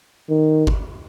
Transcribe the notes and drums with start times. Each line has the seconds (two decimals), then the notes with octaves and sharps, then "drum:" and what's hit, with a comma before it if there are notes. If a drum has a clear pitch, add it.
0.29 D#3
0.67 drum: kick G1